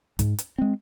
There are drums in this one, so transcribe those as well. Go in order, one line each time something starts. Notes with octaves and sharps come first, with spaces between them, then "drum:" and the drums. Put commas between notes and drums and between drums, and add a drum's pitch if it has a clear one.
G#2, drum: kick, hi-hat
drum: hi-hat
G#3 C4